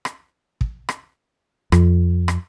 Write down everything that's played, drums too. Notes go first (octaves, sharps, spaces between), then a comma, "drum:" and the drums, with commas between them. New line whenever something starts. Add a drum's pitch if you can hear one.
drum: rim click
drum: kick
drum: rim click
F2, drum: rim click
drum: rim click